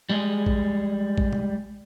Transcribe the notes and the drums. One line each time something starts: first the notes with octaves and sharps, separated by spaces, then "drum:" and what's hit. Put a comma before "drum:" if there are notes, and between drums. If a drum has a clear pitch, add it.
G3 G#3 G#4 D#5
drum: kick A1
drum: kick A1
drum: tom